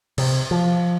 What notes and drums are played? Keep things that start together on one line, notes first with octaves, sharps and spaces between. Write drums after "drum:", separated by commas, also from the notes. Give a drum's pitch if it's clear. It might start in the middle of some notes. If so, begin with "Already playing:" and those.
C3, drum: cymbal
F3